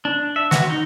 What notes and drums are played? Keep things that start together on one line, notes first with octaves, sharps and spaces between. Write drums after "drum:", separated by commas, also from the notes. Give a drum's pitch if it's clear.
D4
E5
F#4, drum: snare
D#4